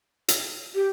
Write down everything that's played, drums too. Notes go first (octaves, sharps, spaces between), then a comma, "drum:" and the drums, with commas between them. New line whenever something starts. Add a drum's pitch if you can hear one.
drum: hi-hat
G4